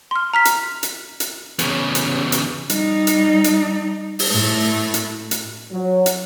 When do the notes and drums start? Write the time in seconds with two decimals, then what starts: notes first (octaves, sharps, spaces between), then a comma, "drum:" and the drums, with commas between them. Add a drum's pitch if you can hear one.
0.11 C6 F6
0.34 A#5 F6 B6
0.45 drum: hi-hat
0.83 drum: hi-hat
1.20 drum: hi-hat
1.59 E2 C#3, drum: hi-hat
1.95 drum: hi-hat
2.32 drum: hi-hat
2.70 G3 D#4, drum: hi-hat
3.07 drum: hi-hat
3.44 drum: hi-hat
4.19 drum: open hi-hat
4.33 A2 A3
4.94 drum: hi-hat
5.31 drum: hi-hat
5.72 F#3
6.06 drum: hi-hat